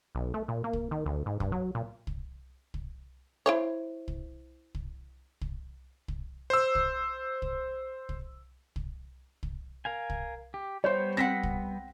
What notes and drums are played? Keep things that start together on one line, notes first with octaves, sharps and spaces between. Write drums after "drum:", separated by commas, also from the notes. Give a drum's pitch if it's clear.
B1
A3
A#2
A#3
drum: kick
D#3
D2
G#2
G2, drum: kick
F#3
A#2
drum: kick
drum: kick
E4 C5 C#5
drum: kick
drum: kick
drum: kick
drum: kick
C5 E6
drum: kick
drum: kick
drum: kick
drum: kick
drum: kick
A#4 F5 G#5
drum: kick
G4
G3 B3 C5 C#5 G6
C4 F#5 A#6 B6
drum: kick